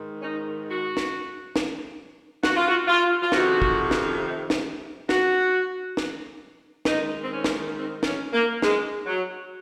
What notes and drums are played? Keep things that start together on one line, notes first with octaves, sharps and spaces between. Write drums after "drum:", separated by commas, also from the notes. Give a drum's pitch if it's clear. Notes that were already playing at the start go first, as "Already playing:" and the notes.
Already playing: G#2 D#3
C#4
D#4
F#4
drum: snare
drum: snare
F#4, drum: snare
F4
F#4
F4
F4
F2 C3 D#3 F#4, drum: snare
drum: kick
drum: snare
drum: snare
F#4, drum: snare
drum: snare
G#2 D#3 D#4, drum: snare
C4
C#4
drum: snare
C4
C#4, drum: snare
A#3
G#3, drum: snare
F#3